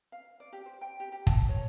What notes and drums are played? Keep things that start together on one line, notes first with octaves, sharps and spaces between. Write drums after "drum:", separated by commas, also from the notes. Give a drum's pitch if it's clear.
F5
D5
G4
C5
G5
G4
G4
A5, drum: kick
C#5